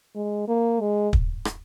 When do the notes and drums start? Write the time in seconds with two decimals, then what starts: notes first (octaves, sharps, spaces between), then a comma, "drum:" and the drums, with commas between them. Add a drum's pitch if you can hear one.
0.16 G#3
0.48 A#3
0.81 G#3
1.13 drum: kick
1.45 drum: rim click